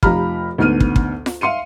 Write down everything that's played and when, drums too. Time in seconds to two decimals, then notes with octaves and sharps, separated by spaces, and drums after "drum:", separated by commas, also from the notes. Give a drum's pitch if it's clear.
0.03 F1 F3 G4 A#5 B5 F6, drum: kick
0.58 D2 G#2 B3 F6 D#7
0.80 drum: kick
0.96 drum: kick
1.26 drum: snare F4
1.41 E5 F5 C6 C#7 D#7